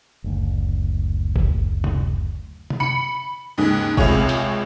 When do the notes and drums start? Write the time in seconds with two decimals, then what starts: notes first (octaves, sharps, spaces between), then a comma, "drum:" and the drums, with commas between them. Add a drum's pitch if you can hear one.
0.24 F#1 D2
1.36 drum: kick G#1
1.84 drum: tom C3
2.70 drum: tom C3
2.80 B5 C#7
3.58 D#2 G#2 C#3
3.97 C#2 C3 F4 G#4 C#5, drum: kick G#1
4.29 drum: hi-hat